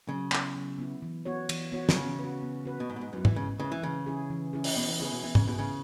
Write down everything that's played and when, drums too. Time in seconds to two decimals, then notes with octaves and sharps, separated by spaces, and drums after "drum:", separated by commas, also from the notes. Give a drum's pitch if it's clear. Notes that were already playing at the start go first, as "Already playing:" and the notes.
0.09 C#3 F#3
0.32 B3 E4, drum: clap
0.56 F#3
0.78 B3 E4
1.02 E3
1.25 B3 F#4 C#5
1.49 E3, drum: cymbal
1.72 B3 F#4 C#5
1.89 B2, drum: snare
1.96 C#3 B3
2.19 F#4 B4
2.42 B3
2.66 F#4 B4
2.80 B2
2.90 G#2 G#3
2.96 B2
3.01 G#2
3.13 F#2 E4 B4
3.25 E3, drum: tom G#2
3.36 C#3 G#3
3.59 C#3 E4 B4
3.72 E3
3.83 C#3 E3
4.06 C#4 E4 G#4
4.30 E3
4.53 C#4 E4 G#4
4.64 drum: open hi-hat
4.77 B2 B3
4.89 E3
5.00 C#3 E4 G#4 B4
5.12 B2
5.23 E3 B3
5.35 C#3, drum: tom G#2
5.47 B2 E4 G#4 B4
5.59 C#3